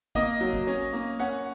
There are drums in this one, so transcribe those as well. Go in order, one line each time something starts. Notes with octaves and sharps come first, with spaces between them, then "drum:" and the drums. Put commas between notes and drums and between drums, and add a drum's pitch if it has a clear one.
A#3 D#5, drum: kick
F#3
drum: kick
C#4
A#3
C#4 F#5